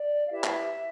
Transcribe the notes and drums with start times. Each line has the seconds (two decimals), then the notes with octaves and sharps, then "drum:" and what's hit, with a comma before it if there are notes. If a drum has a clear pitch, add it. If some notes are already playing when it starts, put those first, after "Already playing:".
Already playing: D5
0.26 F5
0.31 E4 G4 B4 E5
0.44 drum: clap